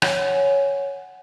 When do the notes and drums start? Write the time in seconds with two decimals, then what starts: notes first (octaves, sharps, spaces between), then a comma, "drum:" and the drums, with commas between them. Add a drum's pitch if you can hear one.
0.02 C#5 F#5 G#5, drum: rim click